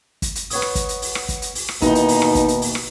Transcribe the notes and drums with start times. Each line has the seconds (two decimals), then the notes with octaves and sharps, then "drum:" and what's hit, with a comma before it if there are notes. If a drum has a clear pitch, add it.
0.22 drum: kick G1, hi-hat
0.35 drum: hi-hat
0.50 B3 C#5 D#6, drum: open hi-hat
0.62 drum: rim click
0.75 drum: kick G1, hi-hat
0.89 drum: hi-hat
1.02 drum: open hi-hat
1.15 drum: rim click
1.29 drum: kick G1, hi-hat
1.42 drum: hi-hat
1.55 drum: open hi-hat
1.69 drum: rim click
1.82 D#2 B2 E3 D#4, drum: kick G1, hi-hat
1.95 drum: hi-hat
2.08 drum: open hi-hat
2.22 drum: rim click
2.35 drum: kick G1, hi-hat
2.48 drum: hi-hat
2.62 drum: open hi-hat
2.75 drum: rim click